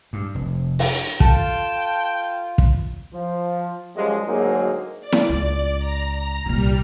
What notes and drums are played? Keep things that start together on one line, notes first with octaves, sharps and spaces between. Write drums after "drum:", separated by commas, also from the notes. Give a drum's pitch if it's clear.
G2
F1
drum: open hi-hat
F4 A4 G5 A5, drum: kick
drum: kick
F3
F#2 F3 G3 G#3
D2 G#2 F#3 A#3 D#4 G#4
D5
drum: snare E4
C#2
A#5
C2 A#2 G3 F6